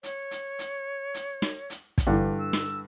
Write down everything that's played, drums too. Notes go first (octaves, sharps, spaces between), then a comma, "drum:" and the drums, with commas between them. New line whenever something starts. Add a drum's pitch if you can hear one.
C#5, drum: hi-hat
drum: hi-hat
drum: hi-hat
drum: hi-hat
drum: snare
drum: hi-hat
drum: kick, hi-hat
G2 D3 E3
E6
drum: snare